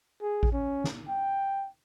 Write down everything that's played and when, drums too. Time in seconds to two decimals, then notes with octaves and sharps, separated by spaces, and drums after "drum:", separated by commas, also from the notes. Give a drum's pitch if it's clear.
0.21 G#4
0.43 drum: kick A1
0.52 C#4
0.84 drum: snare
1.09 G5